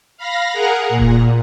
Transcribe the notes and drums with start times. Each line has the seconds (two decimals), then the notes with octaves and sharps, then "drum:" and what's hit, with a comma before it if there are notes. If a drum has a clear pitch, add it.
0.17 F5 B5 A#6
0.53 G#4 A#4 F#5 A#5
0.89 A#2
0.99 drum: kick E1